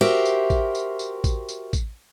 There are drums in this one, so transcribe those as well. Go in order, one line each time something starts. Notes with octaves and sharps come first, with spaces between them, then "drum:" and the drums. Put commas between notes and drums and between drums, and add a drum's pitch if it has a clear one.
F#4 G4 A#4 C5 E5 G5
drum: tambourine
drum: kick A1, tambourine
drum: tambourine
drum: tambourine
drum: kick A1, tambourine
drum: tambourine
drum: kick A1, tambourine